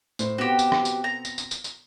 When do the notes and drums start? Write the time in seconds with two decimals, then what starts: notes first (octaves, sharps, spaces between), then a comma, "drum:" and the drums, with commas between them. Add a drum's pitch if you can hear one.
0.19 A2 C5, drum: tambourine
0.38 B2 B3 C4 F#4 G4
0.59 drum: tambourine
0.72 drum: rim click
0.85 drum: tambourine
1.04 A#5
1.25 drum: tambourine
1.38 drum: tambourine
1.51 drum: tambourine
1.64 drum: tambourine